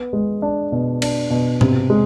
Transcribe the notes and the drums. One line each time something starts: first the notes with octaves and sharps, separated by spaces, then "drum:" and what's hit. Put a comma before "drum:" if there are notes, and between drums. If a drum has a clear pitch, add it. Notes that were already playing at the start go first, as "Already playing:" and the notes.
Already playing: B3
G#3
D4
B2
D4, drum: cymbal
B2
C3, drum: tom G#2
G#3